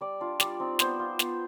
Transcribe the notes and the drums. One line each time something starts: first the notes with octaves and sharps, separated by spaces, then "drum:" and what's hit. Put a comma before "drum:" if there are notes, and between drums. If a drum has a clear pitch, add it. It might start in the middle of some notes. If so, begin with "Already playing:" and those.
G3 D5
D4 F4
G3 D5, drum: snare
C4 D#4
B3 C5, drum: snare
F4
B3, drum: snare